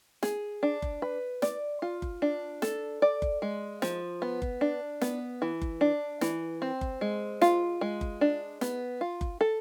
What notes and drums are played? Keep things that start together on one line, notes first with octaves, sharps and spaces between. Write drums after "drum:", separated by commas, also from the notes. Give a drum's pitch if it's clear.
G#4, drum: snare
D4
drum: kick F#1
B4
D5, drum: snare
F4
drum: kick F#1
D4
A4, drum: snare
D5
drum: kick F#1
G#3
F3, drum: snare
B3
drum: kick F#1
D4
B3, drum: snare
E3
drum: kick F#1
D4
E3, drum: snare
C4
drum: kick F#1
G#3
F4, drum: snare
G#3
drum: kick F#1
D4
B3, drum: snare
F4
drum: kick F#1
A4